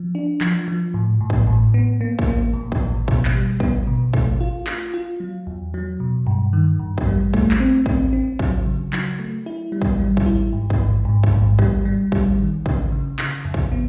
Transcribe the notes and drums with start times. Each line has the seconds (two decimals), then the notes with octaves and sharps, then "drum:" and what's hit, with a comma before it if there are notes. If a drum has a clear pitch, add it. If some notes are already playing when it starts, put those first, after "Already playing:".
Already playing: F3
0.15 D4
0.41 F3, drum: clap
0.68 F3
0.94 A2
1.21 A2
1.30 drum: kick
1.47 A2
1.74 B3
2.01 A#3
2.19 drum: kick
2.28 A#3
2.54 A#2
2.72 drum: kick
2.81 A#2
3.08 B2, drum: kick
3.25 drum: clap
3.34 G3
3.60 B3, drum: kick
3.87 B2
4.14 A3, drum: kick
4.41 F4
4.67 F4, drum: clap
4.94 F4
5.20 F#3
5.47 E2
5.74 F#3
6.00 B2
6.27 G2
6.53 D#3
6.80 G2
6.98 drum: kick
7.07 G3
7.34 A3, drum: kick
7.51 drum: clap
7.60 C4
7.86 C4, drum: kick
8.13 C4
8.39 F#3, drum: kick
8.66 C#3
8.93 F#3, drum: clap
9.19 A3
9.46 E4
9.72 G3
9.82 drum: kick
9.99 G3
10.17 drum: kick
10.26 E4
10.53 G#2
10.70 drum: kick
10.80 G#2
11.05 G#2
11.23 drum: kick
11.33 G#2
11.59 G3, drum: kick
11.85 G3
12.12 G3, drum: kick
12.39 D#3
12.66 C#3, drum: kick
12.92 C#3
13.19 C#3, drum: clap
13.45 F2
13.54 drum: kick
13.72 B3